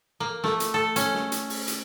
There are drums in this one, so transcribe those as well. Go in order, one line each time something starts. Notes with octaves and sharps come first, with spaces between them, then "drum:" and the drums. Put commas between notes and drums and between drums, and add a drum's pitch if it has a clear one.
A#3
A3, drum: snare
drum: hi-hat
A4
C#4, drum: hi-hat
drum: snare
drum: hi-hat
drum: open hi-hat
drum: hi-hat